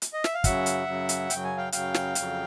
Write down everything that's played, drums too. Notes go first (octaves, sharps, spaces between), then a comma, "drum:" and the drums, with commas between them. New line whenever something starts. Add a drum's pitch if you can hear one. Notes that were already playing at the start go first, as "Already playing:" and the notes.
drum: hi-hat
D#5
E5, drum: snare
F5
F#2 C#3 F#3 E5 F#5, drum: kick, hi-hat
drum: hi-hat
F#2 C#3 F#3
drum: hi-hat
F#2 C#3 F#3 G5, drum: hi-hat
G#5
F5 G5
F#2 C#3 F#3 F5 G5, drum: hi-hat
drum: snare
F2 C#3 F#3, drum: hi-hat